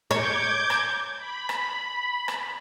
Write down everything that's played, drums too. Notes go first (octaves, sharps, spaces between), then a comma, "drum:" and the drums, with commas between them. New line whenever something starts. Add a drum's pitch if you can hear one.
C#5 D6 G6 G#6, drum: rim click
drum: rim click
B5
drum: rim click
drum: rim click